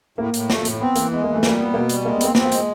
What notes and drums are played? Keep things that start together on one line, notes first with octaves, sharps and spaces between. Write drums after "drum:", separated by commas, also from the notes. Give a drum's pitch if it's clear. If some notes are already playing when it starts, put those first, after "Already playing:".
A2 A#3
A2, drum: hi-hat
A3, drum: snare
A2, drum: hi-hat
B3 C4
E3 A#3, drum: hi-hat
G#3 B3
E3 A#3
A3
G3 A#3, drum: snare
B3
B2 A#3
G3, drum: hi-hat
G#3 A#3
B3
A#3 C4, drum: hi-hat
B3 C4, drum: snare
A#3
G#3, drum: hi-hat